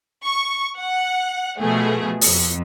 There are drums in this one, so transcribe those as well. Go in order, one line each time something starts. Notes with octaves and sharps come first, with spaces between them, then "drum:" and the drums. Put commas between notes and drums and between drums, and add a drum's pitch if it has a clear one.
C#6
F#5
B2 F3 A3 G#4
F2, drum: open hi-hat